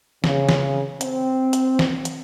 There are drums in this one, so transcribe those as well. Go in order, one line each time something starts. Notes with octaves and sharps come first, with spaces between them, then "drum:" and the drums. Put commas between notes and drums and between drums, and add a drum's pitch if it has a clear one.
C#3, drum: snare
drum: snare
C4, drum: hi-hat
drum: hi-hat
drum: snare
drum: hi-hat